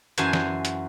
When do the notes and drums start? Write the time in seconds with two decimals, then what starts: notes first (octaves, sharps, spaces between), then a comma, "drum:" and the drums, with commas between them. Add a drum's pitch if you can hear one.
0.18 F#2 E3 F#4 C5 G#5 A5, drum: hi-hat
0.33 drum: snare
0.65 drum: hi-hat